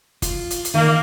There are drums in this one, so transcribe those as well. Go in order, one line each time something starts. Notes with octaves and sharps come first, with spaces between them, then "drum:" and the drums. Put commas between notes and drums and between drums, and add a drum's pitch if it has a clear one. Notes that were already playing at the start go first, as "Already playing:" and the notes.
F4, drum: kick F#1, hi-hat
drum: hi-hat
drum: hi-hat
D#3 A#3